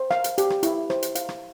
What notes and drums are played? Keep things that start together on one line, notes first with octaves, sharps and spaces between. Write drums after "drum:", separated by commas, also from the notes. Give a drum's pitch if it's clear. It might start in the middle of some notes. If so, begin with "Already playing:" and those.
Already playing: C5
F5, drum: rim click
drum: hi-hat
G4, drum: hi-hat
drum: rim click
E4, drum: hi-hat
C5, drum: rim click
drum: hi-hat
F5, drum: hi-hat
drum: rim click